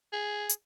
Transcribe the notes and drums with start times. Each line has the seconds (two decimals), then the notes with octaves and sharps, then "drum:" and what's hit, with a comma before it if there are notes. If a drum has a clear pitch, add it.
0.13 G#4
0.49 drum: hi-hat